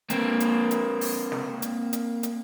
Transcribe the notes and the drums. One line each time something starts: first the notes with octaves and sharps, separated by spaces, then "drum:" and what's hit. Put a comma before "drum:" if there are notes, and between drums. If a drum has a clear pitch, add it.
A#3 C4, drum: hi-hat
drum: hi-hat
drum: hi-hat
drum: open hi-hat
drum: snare
drum: hi-hat
drum: hi-hat
drum: hi-hat